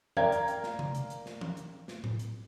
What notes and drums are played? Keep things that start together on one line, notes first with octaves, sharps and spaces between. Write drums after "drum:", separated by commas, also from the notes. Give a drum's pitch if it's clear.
A#4 D5 F5 G5 A#5 G#6, drum: tom E3
drum: hi-hat
drum: hi-hat
drum: snare
drum: tom C3
drum: hi-hat
drum: hi-hat
drum: snare
drum: tom E3
drum: hi-hat
drum: snare
drum: tom A2
drum: hi-hat